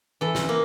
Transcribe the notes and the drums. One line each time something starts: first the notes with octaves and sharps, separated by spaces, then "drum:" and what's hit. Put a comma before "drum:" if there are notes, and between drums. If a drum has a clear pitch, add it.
E3 A4
drum: snare
A#3